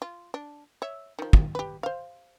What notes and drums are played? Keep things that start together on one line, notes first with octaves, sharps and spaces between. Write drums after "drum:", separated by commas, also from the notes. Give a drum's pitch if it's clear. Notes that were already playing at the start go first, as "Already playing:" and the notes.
F4
D4
C#5 E5
D#3 F3
drum: kick
G4 B4
C5 F5